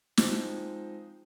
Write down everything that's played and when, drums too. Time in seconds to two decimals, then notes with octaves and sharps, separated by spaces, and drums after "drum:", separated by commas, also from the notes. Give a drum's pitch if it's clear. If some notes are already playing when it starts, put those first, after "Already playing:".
0.17 F3 G#3 C4 D#4, drum: snare